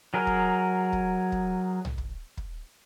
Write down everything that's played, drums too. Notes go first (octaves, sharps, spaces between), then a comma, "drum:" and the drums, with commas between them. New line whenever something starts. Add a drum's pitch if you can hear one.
F#3 G#4 A#4
drum: kick
drum: kick
drum: kick
drum: tom B1
drum: kick
drum: kick